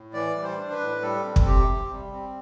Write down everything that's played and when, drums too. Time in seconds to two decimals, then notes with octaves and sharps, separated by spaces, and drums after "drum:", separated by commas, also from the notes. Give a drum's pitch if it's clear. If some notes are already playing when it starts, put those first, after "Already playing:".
Already playing: A2
0.13 E3 D5
0.36 G3
0.43 C5
0.58 D4
0.72 B4
0.81 A2
1.02 G3 A4
1.24 C4
1.36 drum: kick
1.46 C3 G4
1.68 C3
1.91 G3
2.12 C4